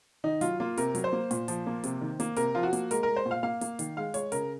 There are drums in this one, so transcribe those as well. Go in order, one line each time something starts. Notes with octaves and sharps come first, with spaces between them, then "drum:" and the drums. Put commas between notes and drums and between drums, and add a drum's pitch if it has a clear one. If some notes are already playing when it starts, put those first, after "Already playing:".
D#3 D#4
F#3 F4, drum: hi-hat
A#3 F4
C3 A#4, drum: hi-hat
F#3, drum: hi-hat
C5
A#3
A#2, drum: hi-hat
F3, drum: hi-hat
A#3
C3, drum: hi-hat
D#3
A#3, drum: hi-hat
C3 A#4, drum: hi-hat
F3 F4
F#4
A#3, drum: hi-hat
G#3 A#4, drum: hi-hat
A#4
G#3
C5
A#2
F5
A#3 F5
A#3, drum: hi-hat
D#3, drum: hi-hat
G#3 F5
G#3 C#5, drum: hi-hat
C#3 A#4, drum: hi-hat